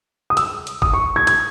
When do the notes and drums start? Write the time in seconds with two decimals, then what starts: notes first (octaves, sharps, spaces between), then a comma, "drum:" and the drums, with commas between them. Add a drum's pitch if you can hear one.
0.30 D#6
0.37 E6, drum: hi-hat
0.67 drum: hi-hat
0.82 D#6, drum: kick
0.93 C#6
1.16 G#6
1.27 G#6, drum: hi-hat